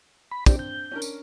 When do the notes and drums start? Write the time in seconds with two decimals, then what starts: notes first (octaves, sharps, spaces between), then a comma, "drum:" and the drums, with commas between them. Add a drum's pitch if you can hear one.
0.31 B5
0.46 C4 D4 G4 D5, drum: kick, tambourine
0.59 G6
0.91 C#4 D4 A#4
1.02 drum: tambourine